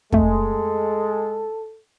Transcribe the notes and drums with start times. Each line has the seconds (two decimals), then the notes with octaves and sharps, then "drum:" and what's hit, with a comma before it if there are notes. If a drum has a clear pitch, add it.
0.13 F2 G#3 A3 A4, drum: kick